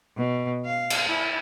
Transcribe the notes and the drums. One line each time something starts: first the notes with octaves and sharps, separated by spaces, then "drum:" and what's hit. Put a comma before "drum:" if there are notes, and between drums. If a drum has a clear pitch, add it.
B2
F5
drum: cymbal
E4